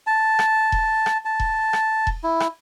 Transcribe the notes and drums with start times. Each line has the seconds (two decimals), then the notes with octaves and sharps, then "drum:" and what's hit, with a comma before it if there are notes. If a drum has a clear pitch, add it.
0.07 A5
0.39 drum: rim click
0.72 drum: kick E1
1.06 drum: rim click
1.25 A5
1.40 drum: kick E1
1.73 drum: rim click
2.07 drum: kick E1
2.24 E4
2.40 drum: rim click